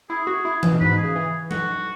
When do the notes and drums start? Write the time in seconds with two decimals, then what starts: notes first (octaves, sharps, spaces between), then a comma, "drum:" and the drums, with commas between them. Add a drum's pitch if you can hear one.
0.10 E4 G#4
0.27 F#4
0.45 E4
0.63 E3, drum: tom E3
0.72 B2
0.80 G#2 B4
0.92 B2
0.98 G#4
1.04 C#3
1.15 E3
1.51 F#4, drum: tom G3